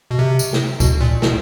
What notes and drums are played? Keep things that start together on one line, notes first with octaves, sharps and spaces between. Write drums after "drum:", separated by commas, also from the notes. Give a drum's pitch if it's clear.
B2
C3
drum: tambourine
drum: snare
B2, drum: kick C#2, tambourine
A#2
B2, drum: snare